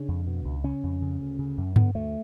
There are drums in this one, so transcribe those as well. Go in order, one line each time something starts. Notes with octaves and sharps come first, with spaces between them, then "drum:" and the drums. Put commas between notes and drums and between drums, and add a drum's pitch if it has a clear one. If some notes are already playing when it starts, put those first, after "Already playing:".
Already playing: C#3 D4
F2
B2
C#2
C#3 C#4
F2
C#3
D2
C#3
F#2
D3 B3, drum: tom G2
D2 A3